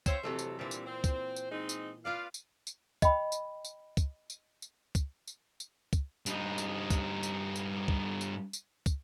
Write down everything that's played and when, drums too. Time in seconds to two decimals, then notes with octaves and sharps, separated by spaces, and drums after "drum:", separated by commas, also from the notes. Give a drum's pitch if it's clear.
0.06 C4 F4 C5 C#5 E5, drum: kick, tambourine
0.23 F2 C3 E3 F#3 A3 A4
0.39 drum: tambourine
0.59 A#2 E3 G3 C4 D4
0.71 drum: tambourine
0.86 C4 C5
1.04 drum: kick, tambourine
1.36 drum: tambourine
1.52 G#3 C4 D#4
1.69 drum: tambourine
2.05 F4 B4 D5 F5
2.34 drum: tambourine
2.67 drum: tambourine
3.02 D#5 G5 B5, drum: kick, tambourine
3.32 drum: tambourine
3.65 drum: tambourine
3.97 drum: kick, tambourine
4.30 drum: tambourine
4.62 drum: tambourine
4.95 drum: kick, tambourine
5.27 drum: tambourine
5.60 drum: tambourine
5.93 drum: kick, tambourine
6.26 G2 D#4, drum: tambourine
6.58 drum: tambourine
6.90 drum: kick, tambourine
7.23 drum: tambourine
7.56 drum: tambourine
7.88 drum: kick
8.21 drum: tambourine
8.53 drum: tambourine
8.86 drum: kick, tambourine